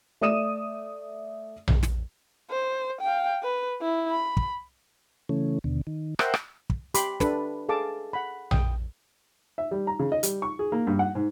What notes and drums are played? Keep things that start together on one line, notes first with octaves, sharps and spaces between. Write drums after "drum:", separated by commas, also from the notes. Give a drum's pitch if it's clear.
A3 D5 D#6 D#7 E7
drum: tom A#1
drum: snare
C5
F5 G5
B4
E4
B5
drum: kick
C#3 E3 A3 C#4
D#2 B2 D3
D#3
A#4 C5 E5 F#5 G5, drum: rim click
drum: rim click
drum: kick
G4 B5 C6 D6, drum: hi-hat
D4 G4 A4 B4 B5, drum: snare
G#4 A4 F5 A5 D6
F#5 B5
G5 D#6, drum: tom A#1
E5
G3
A#5
C#3
D#5
G3, drum: hi-hat
C#6
G#4
A#3
G2
F#5
G#2